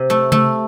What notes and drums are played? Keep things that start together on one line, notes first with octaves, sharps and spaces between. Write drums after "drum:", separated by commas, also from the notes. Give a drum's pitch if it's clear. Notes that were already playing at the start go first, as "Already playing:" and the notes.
Already playing: C3
A3
A3, drum: tom C3